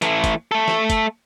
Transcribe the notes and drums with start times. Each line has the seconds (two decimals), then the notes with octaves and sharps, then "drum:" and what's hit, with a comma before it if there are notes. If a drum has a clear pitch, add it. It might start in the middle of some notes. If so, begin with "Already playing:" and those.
0.02 E3 A3, drum: hi-hat
0.24 drum: kick, hi-hat
0.51 A3 A4
0.68 drum: snare
0.90 drum: kick, hi-hat